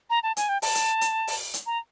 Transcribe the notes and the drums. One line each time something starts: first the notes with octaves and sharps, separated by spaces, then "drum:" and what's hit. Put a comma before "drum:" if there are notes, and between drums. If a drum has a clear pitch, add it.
A#5
A5
G#5, drum: hi-hat
G5
A5, drum: open hi-hat
drum: hi-hat
drum: hi-hat
drum: open hi-hat
drum: hi-hat
A#5